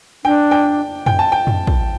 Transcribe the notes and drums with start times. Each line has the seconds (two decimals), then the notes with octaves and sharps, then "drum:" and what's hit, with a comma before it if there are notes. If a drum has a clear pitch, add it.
0.24 D4 G5
0.51 G5
1.06 G5, drum: tom
1.19 A5
1.32 G5
1.47 drum: tom
1.67 drum: kick